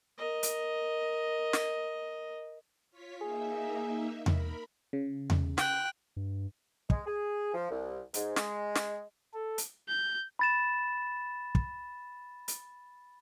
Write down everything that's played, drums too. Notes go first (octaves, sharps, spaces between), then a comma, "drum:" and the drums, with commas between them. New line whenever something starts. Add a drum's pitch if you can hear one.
A#4 D#5
drum: hi-hat
drum: snare
F4 C#5 B6
A#3 D#4 G#4 E5
A#4 B5, drum: tom E2
C#3
drum: tom E2
G5 F#6, drum: snare
G2
G#3, drum: kick
G#4
F3
C2
G#2, drum: hi-hat
G#3, drum: snare
drum: snare
A4
drum: hi-hat
G6
B5 A6 E7
drum: kick
drum: hi-hat